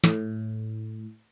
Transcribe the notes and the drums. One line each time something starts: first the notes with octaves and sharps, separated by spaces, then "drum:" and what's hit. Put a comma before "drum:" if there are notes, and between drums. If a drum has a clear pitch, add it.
A2, drum: snare